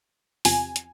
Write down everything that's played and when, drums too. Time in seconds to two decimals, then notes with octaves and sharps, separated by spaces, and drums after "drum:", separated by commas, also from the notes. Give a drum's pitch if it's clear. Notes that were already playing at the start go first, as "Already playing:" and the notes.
0.45 E2 C3 F3 G#5, drum: open hi-hat
0.76 drum: hi-hat